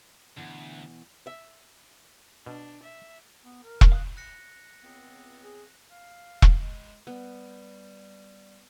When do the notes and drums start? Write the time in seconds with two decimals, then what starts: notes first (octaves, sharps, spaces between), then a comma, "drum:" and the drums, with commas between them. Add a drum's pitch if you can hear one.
0.37 D2 B2 E3 B3
1.27 E5
2.46 B2 D4
2.83 E5
3.44 B3
3.63 A#4
3.81 drum: kick E1
3.92 F5 D#6 F#6
4.17 F#6 A#6 C#7
4.84 C#2 B3 C4
5.42 G#4
5.91 F5
6.42 drum: kick E1
6.60 G#3
7.07 G3 B3